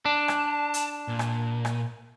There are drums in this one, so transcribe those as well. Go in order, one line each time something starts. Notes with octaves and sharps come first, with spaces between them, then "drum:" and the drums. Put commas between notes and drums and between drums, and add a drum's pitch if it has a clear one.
D4 A5
drum: rim click
drum: hi-hat
A#2
drum: rim click
drum: rim click